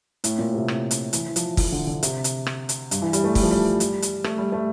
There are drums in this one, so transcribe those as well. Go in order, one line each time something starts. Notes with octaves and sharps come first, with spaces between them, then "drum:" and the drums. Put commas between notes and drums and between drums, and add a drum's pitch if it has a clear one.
A2, drum: hi-hat
A#2
C3
drum: rim click
drum: hi-hat
E3, drum: hi-hat
E3
F3, drum: hi-hat
E3, drum: kick, open hi-hat
D3
D3
C3, drum: hi-hat
drum: hi-hat
drum: rim click
drum: hi-hat
G2, drum: hi-hat
E3
G3, drum: hi-hat
A3
G3, drum: kick, open hi-hat
F3
G3
drum: hi-hat
drum: hi-hat
A3, drum: rim click
G3
A3